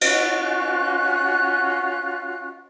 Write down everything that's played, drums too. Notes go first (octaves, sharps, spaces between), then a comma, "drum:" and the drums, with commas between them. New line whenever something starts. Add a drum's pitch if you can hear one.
C#4 F4 F#4 F#6, drum: cymbal